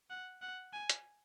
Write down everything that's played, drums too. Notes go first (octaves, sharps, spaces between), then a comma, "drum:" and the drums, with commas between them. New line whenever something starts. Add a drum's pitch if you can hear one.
F#5
F#5
G#5
drum: hi-hat